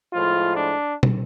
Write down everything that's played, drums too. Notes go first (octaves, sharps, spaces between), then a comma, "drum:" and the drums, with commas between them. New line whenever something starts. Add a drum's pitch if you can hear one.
A2 F3 G#3 F4
D4
drum: tom